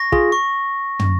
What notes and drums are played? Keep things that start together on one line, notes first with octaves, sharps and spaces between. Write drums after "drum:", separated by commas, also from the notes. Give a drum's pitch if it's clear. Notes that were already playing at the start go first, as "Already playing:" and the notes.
Already playing: C#6 A#6
F4 G#4, drum: kick
C#6
drum: tom